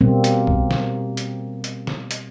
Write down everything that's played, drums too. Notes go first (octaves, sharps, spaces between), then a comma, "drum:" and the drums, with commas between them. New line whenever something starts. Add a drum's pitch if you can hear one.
B2 G3 A#3 C4
drum: hi-hat
drum: kick B1
drum: snare
drum: hi-hat
drum: hi-hat
drum: snare
drum: hi-hat